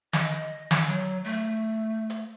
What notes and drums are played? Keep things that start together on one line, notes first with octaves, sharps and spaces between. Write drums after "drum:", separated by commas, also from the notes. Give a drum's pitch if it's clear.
D#5, drum: snare
drum: snare
F#3
A3
drum: hi-hat